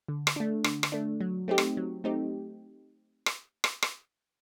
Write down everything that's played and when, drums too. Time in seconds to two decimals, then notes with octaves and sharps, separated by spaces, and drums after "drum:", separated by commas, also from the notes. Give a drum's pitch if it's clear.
0.08 D3
0.27 drum: rim click
0.36 A3 D4
0.64 D3, drum: rim click
0.83 drum: rim click
0.92 A3 D4
1.21 F#3
1.48 A3 C4 D#4 G4
1.58 drum: rim click
1.77 F#3
2.04 A3 C4 D#4 G4
3.26 drum: rim click
3.64 drum: rim click
3.82 drum: rim click